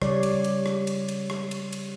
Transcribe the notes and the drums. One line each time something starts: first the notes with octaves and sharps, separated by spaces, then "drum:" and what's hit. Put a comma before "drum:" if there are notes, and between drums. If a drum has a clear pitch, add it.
C#3 G3 C#5 D5, drum: rim click
drum: cymbal
drum: cymbal
drum: rim click
drum: cymbal
drum: cymbal
drum: rim click
drum: cymbal
drum: cymbal